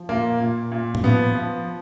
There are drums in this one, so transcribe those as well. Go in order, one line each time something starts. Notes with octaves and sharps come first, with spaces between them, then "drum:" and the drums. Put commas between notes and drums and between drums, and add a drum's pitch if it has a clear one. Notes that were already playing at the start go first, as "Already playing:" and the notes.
Already playing: F3
A#2 A#3
A#2
A#2
drum: tom A2
F3 B3
F3